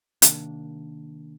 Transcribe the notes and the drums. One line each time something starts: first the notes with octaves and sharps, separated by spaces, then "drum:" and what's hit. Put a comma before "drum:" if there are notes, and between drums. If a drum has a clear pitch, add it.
C3 D#3 A#3 D4, drum: hi-hat